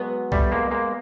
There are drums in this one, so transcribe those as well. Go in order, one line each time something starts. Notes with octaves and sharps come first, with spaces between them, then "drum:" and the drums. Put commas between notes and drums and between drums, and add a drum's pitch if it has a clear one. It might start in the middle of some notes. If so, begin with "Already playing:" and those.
Already playing: F#3 G#3 B3
G3 A3, drum: kick C2
G#3 A#3
G#3 A#3